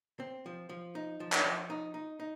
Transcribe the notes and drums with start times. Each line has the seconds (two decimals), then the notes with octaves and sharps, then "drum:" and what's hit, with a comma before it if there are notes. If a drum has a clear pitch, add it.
0.20 C4
0.46 F3
0.69 F3
0.95 D#4
1.20 F3
1.32 drum: clap
1.45 F3
1.70 D#4
1.94 D#4
2.20 D#4